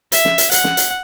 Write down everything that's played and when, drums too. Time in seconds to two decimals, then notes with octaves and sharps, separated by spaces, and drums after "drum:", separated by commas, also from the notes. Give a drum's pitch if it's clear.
0.12 E5, drum: hi-hat
0.25 drum: snare
0.38 drum: hi-hat
0.51 F#5, drum: hi-hat
0.64 drum: snare
0.77 drum: hi-hat